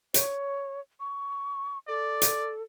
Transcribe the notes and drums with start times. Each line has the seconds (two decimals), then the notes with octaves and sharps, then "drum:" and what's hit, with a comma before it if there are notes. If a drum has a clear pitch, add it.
0.14 C#5, drum: hi-hat
1.00 C#6
1.88 A4 D5
2.22 drum: hi-hat